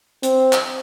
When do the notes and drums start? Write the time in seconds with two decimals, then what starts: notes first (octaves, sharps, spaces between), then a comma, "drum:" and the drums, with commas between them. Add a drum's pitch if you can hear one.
0.23 C4, drum: hi-hat
0.53 drum: clap